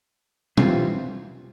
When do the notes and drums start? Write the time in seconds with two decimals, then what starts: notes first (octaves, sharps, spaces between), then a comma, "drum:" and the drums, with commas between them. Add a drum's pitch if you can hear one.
0.57 A2 E3 G3 C4 F4, drum: tom